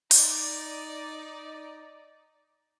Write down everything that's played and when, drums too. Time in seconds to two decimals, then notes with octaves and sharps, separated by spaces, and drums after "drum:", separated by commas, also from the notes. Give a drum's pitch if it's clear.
0.11 D#4 D5, drum: open hi-hat